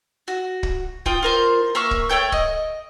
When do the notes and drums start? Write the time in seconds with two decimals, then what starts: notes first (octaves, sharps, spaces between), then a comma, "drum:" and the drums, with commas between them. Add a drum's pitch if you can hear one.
0.28 F#4
0.63 drum: kick
1.06 F4 G5 D#6, drum: kick
1.23 F4 A#4 C5
1.75 A#3 E5 C#6 F6
1.91 drum: kick
2.09 A3 C#5 G5 G6
2.32 D#5, drum: kick